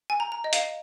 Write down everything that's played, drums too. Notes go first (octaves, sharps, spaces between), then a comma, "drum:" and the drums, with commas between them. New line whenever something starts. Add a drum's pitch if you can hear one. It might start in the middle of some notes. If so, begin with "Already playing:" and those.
G#5
A#5
A#5
D#5
F5, drum: hi-hat